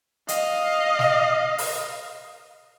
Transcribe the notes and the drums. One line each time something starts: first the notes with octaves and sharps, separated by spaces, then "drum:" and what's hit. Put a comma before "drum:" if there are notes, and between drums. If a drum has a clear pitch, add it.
D#5 F5, drum: hi-hat
drum: snare
drum: open hi-hat